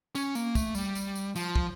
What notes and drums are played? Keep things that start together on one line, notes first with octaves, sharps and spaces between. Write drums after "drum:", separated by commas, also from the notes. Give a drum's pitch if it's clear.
C#4, drum: tambourine
A#3, drum: tambourine
A3, drum: kick, tambourine
G3, drum: tambourine
drum: tambourine
drum: tambourine
F3, drum: tambourine
drum: kick